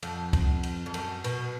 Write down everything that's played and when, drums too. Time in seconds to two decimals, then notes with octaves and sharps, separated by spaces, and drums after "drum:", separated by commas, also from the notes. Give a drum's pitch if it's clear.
0.03 F2, drum: cymbal
0.33 drum: kick, cymbal
0.63 drum: cymbal
0.86 F2
0.94 F#2, drum: cymbal
1.24 B2, drum: cymbal